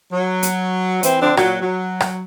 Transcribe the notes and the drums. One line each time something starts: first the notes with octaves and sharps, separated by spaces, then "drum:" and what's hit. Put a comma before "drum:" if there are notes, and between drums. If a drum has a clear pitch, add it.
F#3
drum: hi-hat
E3 C4, drum: hi-hat
D3 F3 C4 D4
A#2 F#3, drum: rim click
F#3
drum: rim click